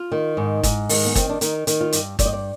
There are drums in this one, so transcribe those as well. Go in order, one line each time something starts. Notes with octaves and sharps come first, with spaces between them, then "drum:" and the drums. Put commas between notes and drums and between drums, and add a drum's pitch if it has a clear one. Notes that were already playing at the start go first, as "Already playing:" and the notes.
Already playing: F4
D#3
G#2
G#2, drum: kick G1, hi-hat
D#3 G#3, drum: open hi-hat
B3
D#3 C4, drum: kick G1, hi-hat
D4
D#3 D#4, drum: hi-hat
D#3, drum: hi-hat
F4
G2, drum: hi-hat
G2 D5, drum: kick G1, hi-hat
D#5
D5